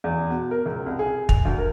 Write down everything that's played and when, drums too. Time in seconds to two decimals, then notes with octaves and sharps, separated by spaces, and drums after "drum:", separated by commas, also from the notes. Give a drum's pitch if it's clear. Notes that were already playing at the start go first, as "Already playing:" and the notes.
0.04 E2
0.30 B2
0.51 A#4
0.66 C#2
0.86 C2
0.99 G#4
1.29 F7, drum: kick
1.45 D2
1.58 A#4